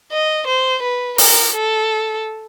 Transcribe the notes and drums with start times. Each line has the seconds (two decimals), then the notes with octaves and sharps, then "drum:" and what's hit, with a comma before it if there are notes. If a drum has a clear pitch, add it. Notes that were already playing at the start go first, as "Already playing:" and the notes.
0.12 D#5
0.47 C5
0.82 B4
1.18 A#4, drum: open hi-hat
1.54 A4